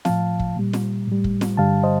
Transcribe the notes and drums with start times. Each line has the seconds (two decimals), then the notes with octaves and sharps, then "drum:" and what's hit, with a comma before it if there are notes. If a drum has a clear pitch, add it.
0.05 A2 F3 F5 A5, drum: snare
0.39 drum: kick
0.56 A#2 G3
0.73 drum: snare
1.07 A2 G3
1.24 drum: kick
1.41 drum: snare
1.57 G2 D3 G3 F5 A5
1.83 C5 D#5